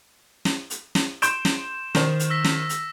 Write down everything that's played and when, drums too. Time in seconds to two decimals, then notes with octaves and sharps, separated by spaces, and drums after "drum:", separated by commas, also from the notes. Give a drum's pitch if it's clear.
0.45 drum: snare
0.70 drum: hi-hat
0.95 drum: snare
1.22 C6 G6 D7 E7, drum: hi-hat
1.45 drum: snare
1.95 D#3 C5, drum: snare
2.20 drum: hi-hat
2.30 E6 A#6 B6
2.44 drum: snare
2.69 drum: hi-hat